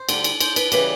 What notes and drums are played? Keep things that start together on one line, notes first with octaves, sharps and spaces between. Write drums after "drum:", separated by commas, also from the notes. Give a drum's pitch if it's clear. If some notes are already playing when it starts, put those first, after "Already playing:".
Already playing: C5
D2 D3 G3, drum: cymbal
drum: cymbal
C5, drum: cymbal
B4, drum: cymbal
C#3 E3 G3 B4, drum: cymbal